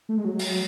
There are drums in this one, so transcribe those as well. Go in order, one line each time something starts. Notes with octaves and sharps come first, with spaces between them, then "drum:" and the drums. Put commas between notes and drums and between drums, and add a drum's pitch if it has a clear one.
A3
G#3
F#3
drum: open hi-hat